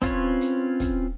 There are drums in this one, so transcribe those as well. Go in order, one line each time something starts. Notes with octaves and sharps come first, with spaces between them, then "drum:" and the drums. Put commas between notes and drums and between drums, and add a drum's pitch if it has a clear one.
C4 C#4 F4 B4 C#5, drum: kick, hi-hat
drum: hi-hat
drum: kick, hi-hat